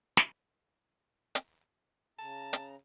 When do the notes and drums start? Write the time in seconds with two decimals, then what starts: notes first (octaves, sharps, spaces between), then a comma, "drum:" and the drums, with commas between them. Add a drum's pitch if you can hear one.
0.17 drum: snare
1.35 drum: hi-hat
2.19 C#3 A5 A#5
2.53 drum: hi-hat